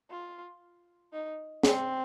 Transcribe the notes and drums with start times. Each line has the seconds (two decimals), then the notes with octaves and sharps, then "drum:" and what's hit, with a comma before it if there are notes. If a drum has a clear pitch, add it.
0.11 F4
1.13 D#4
1.63 C4, drum: snare